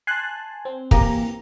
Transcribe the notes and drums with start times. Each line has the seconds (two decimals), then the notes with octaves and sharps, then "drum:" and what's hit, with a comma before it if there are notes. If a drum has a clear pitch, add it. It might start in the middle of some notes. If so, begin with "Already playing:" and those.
0.07 G#5 A5 C6 F#6
0.65 C4
0.91 E3 A#3 G4 A#5, drum: kick